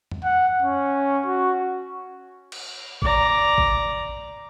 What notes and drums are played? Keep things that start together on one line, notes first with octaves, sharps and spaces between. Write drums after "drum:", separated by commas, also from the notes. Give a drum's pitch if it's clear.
drum: tom F2
F#5
C#4
F#4
drum: cymbal
D5 A#5, drum: kick
drum: kick